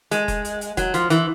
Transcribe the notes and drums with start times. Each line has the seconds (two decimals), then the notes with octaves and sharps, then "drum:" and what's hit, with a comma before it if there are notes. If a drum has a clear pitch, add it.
0.11 G#3, drum: hi-hat
0.28 drum: kick F1, hi-hat
0.45 drum: hi-hat
0.61 drum: hi-hat
0.77 F#3, drum: kick F1, hi-hat
0.94 F3, drum: hi-hat
1.10 E3, drum: hi-hat